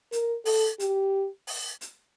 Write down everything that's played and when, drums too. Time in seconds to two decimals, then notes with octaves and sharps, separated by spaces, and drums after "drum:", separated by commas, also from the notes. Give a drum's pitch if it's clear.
0.12 A#4, drum: hi-hat
0.45 A4, drum: open hi-hat
0.80 G4, drum: hi-hat
1.47 drum: open hi-hat
1.81 drum: hi-hat